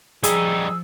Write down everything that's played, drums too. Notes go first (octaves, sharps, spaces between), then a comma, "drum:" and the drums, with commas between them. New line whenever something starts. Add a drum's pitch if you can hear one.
F3 G3 D#4 G#4 E6, drum: hi-hat